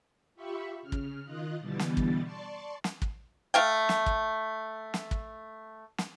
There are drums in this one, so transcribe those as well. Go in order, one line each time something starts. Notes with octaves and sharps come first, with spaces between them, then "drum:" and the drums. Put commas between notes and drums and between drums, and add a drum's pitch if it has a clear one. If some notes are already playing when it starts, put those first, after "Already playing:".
F4 G4 E5 B5 C#6
C#3 F6
drum: kick
D#3 F4 D#5 F#6
B2 D3 E3 G3 B3 A6
drum: snare
drum: kick
D5 A5 C6 C#6
drum: snare
drum: kick
A3 F5 G5
drum: snare
drum: kick
drum: snare
drum: kick
drum: snare